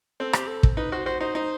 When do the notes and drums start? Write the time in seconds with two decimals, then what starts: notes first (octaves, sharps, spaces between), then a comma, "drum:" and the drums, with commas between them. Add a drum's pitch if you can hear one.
0.20 C4 A4
0.33 G4, drum: rim click
0.47 A4
0.63 drum: kick
0.77 D#4 B4
0.92 F#4 C5
1.06 F#4 C5
1.21 D#4 C5
1.35 D#4 C5